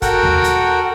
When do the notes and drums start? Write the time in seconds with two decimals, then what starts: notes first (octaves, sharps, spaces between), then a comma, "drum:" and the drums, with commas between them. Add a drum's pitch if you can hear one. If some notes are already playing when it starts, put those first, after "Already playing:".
0.02 F#4 A4 A#4 F#5 G5, drum: kick, hi-hat
0.23 drum: tom D#2
0.44 drum: hi-hat